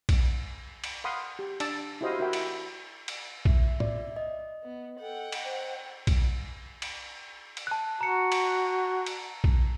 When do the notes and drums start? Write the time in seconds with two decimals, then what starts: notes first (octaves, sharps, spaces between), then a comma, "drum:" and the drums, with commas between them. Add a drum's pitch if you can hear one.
0.09 drum: kick, cymbal
0.84 drum: cymbal
1.04 F5 F#5 B5 C6 D#6
1.39 G4
1.60 D4 D5 A5 E6, drum: cymbal
2.01 E4 F#4 G4 C5 D#5 F5
2.19 E4 F#4 A#4 E5 G5
2.33 drum: cymbal
3.08 drum: cymbal
3.45 E5, drum: kick
3.80 D5, drum: tom
4.16 D#5
4.63 B3
5.00 A4 F#5 G5
5.32 drum: cymbal
5.44 C5
6.07 drum: kick, cymbal
6.82 drum: cymbal
7.57 drum: cymbal
7.67 A5 F#6
8.01 F#4 A#5 C#7
8.32 drum: cymbal
9.06 drum: cymbal
9.44 drum: kick